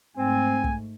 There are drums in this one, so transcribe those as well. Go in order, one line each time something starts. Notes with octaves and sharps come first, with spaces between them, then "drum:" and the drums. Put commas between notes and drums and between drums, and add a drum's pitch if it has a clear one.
G#2 A3 C4 G#5
drum: kick